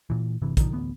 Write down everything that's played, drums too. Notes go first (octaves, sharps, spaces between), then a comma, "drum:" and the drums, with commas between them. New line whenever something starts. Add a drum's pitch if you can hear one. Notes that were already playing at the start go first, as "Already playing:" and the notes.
A#2 E3
G1 C3 E3
B2 D3 D#3 F3, drum: kick, hi-hat
A1 D2 B3